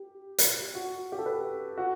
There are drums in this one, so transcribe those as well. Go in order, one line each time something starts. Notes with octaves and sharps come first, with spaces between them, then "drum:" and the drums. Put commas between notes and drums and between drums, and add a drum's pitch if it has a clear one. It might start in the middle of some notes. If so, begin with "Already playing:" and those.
Already playing: G4
drum: hi-hat
F#4
G4
A4
B4
F#4